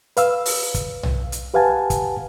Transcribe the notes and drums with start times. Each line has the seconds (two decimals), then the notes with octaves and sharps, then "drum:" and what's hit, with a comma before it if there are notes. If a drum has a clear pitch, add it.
0.17 B4 F5 E6, drum: hi-hat
0.46 drum: open hi-hat
0.74 drum: kick, hi-hat
1.03 drum: tom B1
1.32 drum: hi-hat
1.54 G4 B4 F5 F#5 G#5 A5
1.90 drum: kick, hi-hat